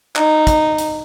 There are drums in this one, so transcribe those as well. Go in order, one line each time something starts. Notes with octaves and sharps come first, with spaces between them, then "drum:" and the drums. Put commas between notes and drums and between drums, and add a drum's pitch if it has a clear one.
D#4, drum: clap
drum: kick, hi-hat
drum: hi-hat